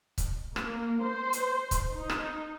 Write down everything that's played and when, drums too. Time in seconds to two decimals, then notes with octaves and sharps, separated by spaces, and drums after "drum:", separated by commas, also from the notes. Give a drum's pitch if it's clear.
0.18 drum: kick C#1, hi-hat
0.56 A#3, drum: rim click
1.03 C5
1.33 drum: hi-hat
1.71 drum: kick C#1, hi-hat
1.94 D#4
2.10 drum: rim click